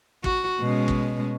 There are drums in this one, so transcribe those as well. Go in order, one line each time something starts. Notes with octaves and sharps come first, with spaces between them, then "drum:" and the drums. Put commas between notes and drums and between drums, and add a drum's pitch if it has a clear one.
F#4, drum: kick
B2 G#3 C#4
drum: kick